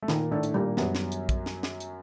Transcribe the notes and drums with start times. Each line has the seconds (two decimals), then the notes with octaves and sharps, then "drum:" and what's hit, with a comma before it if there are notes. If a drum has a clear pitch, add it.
0.02 A3
0.08 A#2 D#3 A#3, drum: snare
0.32 A2 A3 D4
0.43 drum: hi-hat
0.54 A#2 G3 A#3
0.77 F#2 F#3 B3, drum: snare
0.95 drum: snare
1.12 drum: hi-hat
1.29 drum: kick, hi-hat
1.46 drum: snare
1.63 drum: snare
1.80 drum: hi-hat